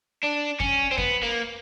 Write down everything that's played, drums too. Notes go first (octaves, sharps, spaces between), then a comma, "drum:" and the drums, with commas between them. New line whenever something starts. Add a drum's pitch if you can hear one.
D4
C#4, drum: kick F2
C4
B3, drum: kick F2
A#3